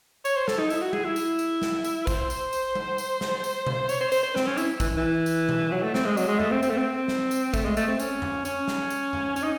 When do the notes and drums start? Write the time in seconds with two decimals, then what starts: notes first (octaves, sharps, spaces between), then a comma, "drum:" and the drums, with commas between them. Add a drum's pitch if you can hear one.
0.25 C#5, drum: tambourine
0.36 C5
0.48 A4, drum: snare
0.59 D#4
0.70 E4, drum: tambourine
0.82 F#4
0.93 G#4, drum: tom G3
1.05 E4
1.16 drum: tambourine
1.39 drum: tambourine
1.62 drum: snare
1.84 drum: tambourine
2.07 C5, drum: kick, tambourine
2.30 drum: tambourine
2.53 drum: tambourine
2.75 drum: tom G3
2.98 drum: tambourine
3.21 drum: snare
3.44 drum: tambourine
3.67 drum: tom B2
3.89 C#5, drum: tambourine
4.01 C5
4.12 C5, drum: tambourine
4.23 C5
4.36 C4, drum: snare
4.47 C#4
4.58 E4, drum: tambourine
4.80 E3, drum: kick, tambourine
4.97 E3
5.26 drum: tambourine
5.49 drum: tom B2
5.72 F#3
5.83 A3
5.94 C4, drum: snare
6.06 G#3
6.17 F#3, drum: tambourine
6.28 G#3
6.40 A3, drum: tom F2
6.51 C4
6.63 C4, drum: tambourine
6.70 A3
6.77 C4
7.08 drum: snare
7.31 drum: tambourine
7.54 A3, drum: kick, tambourine
7.65 G#3
7.77 A3, drum: tambourine
7.88 C4
8.00 C#4, drum: tambourine
8.22 drum: tom F2
8.45 C#4, drum: tambourine
8.68 drum: snare
8.90 drum: tambourine
9.13 drum: tom F2
9.36 C#4, drum: tambourine
9.43 D#4